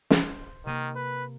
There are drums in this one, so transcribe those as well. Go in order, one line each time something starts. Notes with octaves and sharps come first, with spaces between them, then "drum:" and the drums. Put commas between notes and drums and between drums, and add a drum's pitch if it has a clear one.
C5, drum: snare
C3 D#3 A#3 D#7
B4